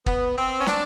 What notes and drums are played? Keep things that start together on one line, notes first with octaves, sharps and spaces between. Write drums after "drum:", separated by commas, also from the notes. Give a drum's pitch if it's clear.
B3, drum: kick
C4
C#4
D4, drum: snare